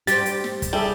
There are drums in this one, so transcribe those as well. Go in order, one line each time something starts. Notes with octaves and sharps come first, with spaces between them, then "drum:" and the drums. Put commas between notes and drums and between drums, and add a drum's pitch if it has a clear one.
G3 G4 C5 A6, drum: hi-hat
drum: hi-hat
drum: snare
drum: kick, hi-hat
G3 G#4 A4 E5